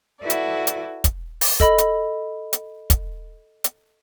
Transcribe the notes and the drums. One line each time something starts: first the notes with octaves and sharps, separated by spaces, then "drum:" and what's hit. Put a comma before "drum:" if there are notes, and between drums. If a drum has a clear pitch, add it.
E4 F#4 A4 B4 D5
drum: hi-hat
drum: hi-hat
drum: kick, hi-hat
drum: open hi-hat
A4 D#5 B5, drum: kick
drum: hi-hat
drum: hi-hat
drum: kick, hi-hat
drum: hi-hat